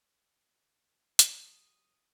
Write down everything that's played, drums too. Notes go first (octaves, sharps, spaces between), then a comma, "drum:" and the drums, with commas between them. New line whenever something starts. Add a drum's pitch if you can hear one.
F#3 G4 D#6, drum: hi-hat